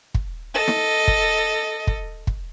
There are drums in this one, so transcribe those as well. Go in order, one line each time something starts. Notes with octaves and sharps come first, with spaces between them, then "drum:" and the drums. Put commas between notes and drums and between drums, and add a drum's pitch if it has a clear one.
drum: kick
A4 D#5
drum: snare
drum: kick
drum: kick
drum: kick